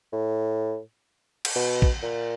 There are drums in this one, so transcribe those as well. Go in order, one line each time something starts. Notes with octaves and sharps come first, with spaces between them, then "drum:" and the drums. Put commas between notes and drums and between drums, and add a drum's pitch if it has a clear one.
A2
drum: cymbal
B2
drum: kick
A#2